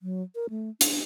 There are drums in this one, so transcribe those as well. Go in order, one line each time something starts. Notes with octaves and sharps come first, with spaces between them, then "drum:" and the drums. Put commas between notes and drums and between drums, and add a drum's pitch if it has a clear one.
F#3
A#4
A3
D4, drum: hi-hat